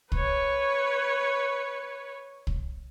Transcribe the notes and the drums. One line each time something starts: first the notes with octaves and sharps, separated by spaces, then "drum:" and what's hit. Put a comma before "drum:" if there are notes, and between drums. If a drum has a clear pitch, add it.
B4 C#5, drum: kick
drum: kick